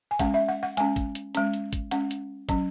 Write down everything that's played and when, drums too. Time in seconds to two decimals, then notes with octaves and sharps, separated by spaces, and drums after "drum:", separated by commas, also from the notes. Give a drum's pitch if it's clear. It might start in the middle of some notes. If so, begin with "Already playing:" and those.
0.11 G#5
0.19 G#3 C#4 F#5, drum: kick, hi-hat
0.34 E5
0.48 F#5
0.63 F#5
0.77 G#3 C#4 G#5, drum: hi-hat
0.96 drum: kick, hi-hat
1.15 drum: hi-hat
1.35 G#3 C#4, drum: hi-hat
1.53 drum: hi-hat
1.73 drum: kick, hi-hat
1.91 G#3 C#4 F#5, drum: hi-hat
2.11 drum: hi-hat
2.49 F#3 C#4, drum: kick, hi-hat